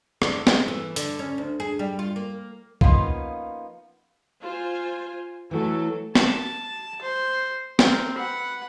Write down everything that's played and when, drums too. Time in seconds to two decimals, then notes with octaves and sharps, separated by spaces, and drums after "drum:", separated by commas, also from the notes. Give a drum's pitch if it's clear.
0.22 D3, drum: rim click
0.47 G#3, drum: snare B3
0.68 E3
0.96 D3, drum: hi-hat
1.19 C#4
1.38 D2
1.60 G#4
1.79 G3
1.99 F4
2.16 A#3
2.81 F3 A#3 B3 C#4 D#4 F4, drum: kick C2
4.41 F4 C5 G#5
5.51 E3 F#3 A3 A4
6.15 A5, drum: snare B3
7.01 C5
7.79 C4 A#4, drum: snare B3
8.17 B4 F#5